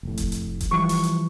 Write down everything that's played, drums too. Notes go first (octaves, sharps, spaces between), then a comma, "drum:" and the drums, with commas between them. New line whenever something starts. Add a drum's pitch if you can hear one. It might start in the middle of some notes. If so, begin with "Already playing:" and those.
F1 A2
drum: kick E1, hi-hat
drum: hi-hat
drum: kick E1, hi-hat
E3 F3 G3 C#6
drum: open hi-hat
drum: hi-hat